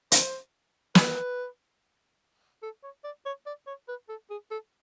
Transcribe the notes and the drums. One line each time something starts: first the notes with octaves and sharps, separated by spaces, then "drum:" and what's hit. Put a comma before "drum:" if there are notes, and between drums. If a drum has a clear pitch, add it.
C5, drum: hi-hat
B4, drum: snare
A4
C#5
D5
C#5
D5
C#5
B4
A4
G#4
A4